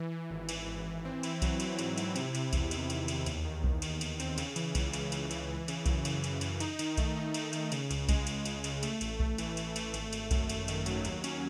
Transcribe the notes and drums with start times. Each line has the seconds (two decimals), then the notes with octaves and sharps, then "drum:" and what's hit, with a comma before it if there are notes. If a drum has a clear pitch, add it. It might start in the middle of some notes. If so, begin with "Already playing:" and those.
Already playing: E3
0.11 E3
0.30 G#1
0.49 E3, drum: cymbal
0.67 G#1
0.86 E3
1.05 C4
1.23 E4, drum: cymbal
1.42 F#3, drum: kick B1, cymbal
1.60 E4, drum: cymbal
1.79 G#2, drum: cymbal
1.98 E4, drum: cymbal
2.16 C3, drum: cymbal
2.35 C3, drum: cymbal
2.53 E2, drum: kick B1, cymbal
2.71 D#3, drum: cymbal
2.90 E2, drum: cymbal
3.08 E2, drum: cymbal
3.26 D#2, drum: cymbal
3.45 D#3
3.64 D#2, drum: kick B1
3.82 D#3, drum: cymbal
4.01 D#3, drum: cymbal
4.20 C4, drum: cymbal
4.38 C#3, drum: cymbal
4.56 E3, drum: cymbal
4.75 C#2, drum: kick B1, cymbal
4.93 C#3, drum: cymbal
5.12 C#2, drum: cymbal
5.31 E3, drum: cymbal
5.49 E3
5.68 C#3, drum: cymbal
5.86 F#2, drum: kick B1, cymbal
6.05 C#3, drum: cymbal
6.24 E3, drum: cymbal
6.41 F#2, drum: cymbal
6.60 D#4, drum: cymbal
6.79 D#3, drum: cymbal
6.97 A3, drum: kick B1, cymbal
7.16 D#4
7.34 A3, drum: cymbal
7.53 D#3, drum: cymbal
7.72 C#3, drum: cymbal
7.91 C#2, drum: cymbal
8.09 G#3, drum: kick B1, cymbal
8.27 G#3, drum: cymbal
8.45 C#2, drum: cymbal
8.64 C#3, drum: cymbal
8.83 A3, drum: cymbal
9.01 A1, drum: cymbal
9.20 A3, drum: kick B1
9.38 E3, drum: cymbal
9.57 E3, drum: cymbal
9.76 A3, drum: cymbal
9.94 G#1, drum: cymbal
10.13 G#1, drum: cymbal
10.31 F#2, drum: kick B1, cymbal
10.49 F#2, drum: cymbal
10.68 D#3, drum: cymbal
10.86 F#3, drum: cymbal
11.05 D#2, drum: cymbal
11.24 C#4, drum: cymbal